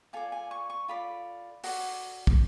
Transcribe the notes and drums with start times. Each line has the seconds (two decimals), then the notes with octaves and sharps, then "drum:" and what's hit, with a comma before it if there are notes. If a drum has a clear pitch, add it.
0.13 F4 A4 D5 G#5
0.32 G#5
0.51 C#6
0.70 C#6
0.88 F4 A4 D5 B5
1.64 F#4 A4 D5, drum: open hi-hat
2.27 drum: kick